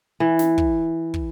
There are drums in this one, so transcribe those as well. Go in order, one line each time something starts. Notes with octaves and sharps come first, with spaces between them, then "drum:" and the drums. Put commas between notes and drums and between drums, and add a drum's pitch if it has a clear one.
E3
drum: snare
drum: kick
drum: kick